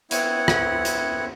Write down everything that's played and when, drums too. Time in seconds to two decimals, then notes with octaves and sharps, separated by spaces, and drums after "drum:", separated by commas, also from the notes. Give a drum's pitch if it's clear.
0.11 B3 C4 E4 C#5 F#5, drum: hi-hat
0.48 drum: rim click
0.85 drum: hi-hat